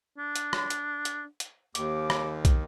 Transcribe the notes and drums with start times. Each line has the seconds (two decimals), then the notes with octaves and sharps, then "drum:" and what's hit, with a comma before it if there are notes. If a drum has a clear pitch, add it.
0.18 D4
0.36 drum: hi-hat
0.53 drum: rim click
0.70 drum: hi-hat
1.05 drum: hi-hat
1.40 drum: hi-hat
1.75 D#2 D6, drum: hi-hat
2.10 drum: rim click
2.45 drum: kick, hi-hat